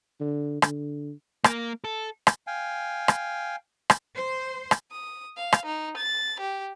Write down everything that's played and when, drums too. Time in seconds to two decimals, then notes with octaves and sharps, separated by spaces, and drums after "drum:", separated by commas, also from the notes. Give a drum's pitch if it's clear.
0.20 D3
0.62 D3, drum: rim click
1.44 A#3, drum: rim click
1.84 A4
2.27 drum: rim click
2.47 F5 G5 G#5
3.08 drum: rim click
3.90 drum: rim click
4.13 C5
4.71 drum: rim click
4.91 D#6
5.37 F5
5.53 drum: rim click
5.66 D#4
5.97 A6
6.40 G4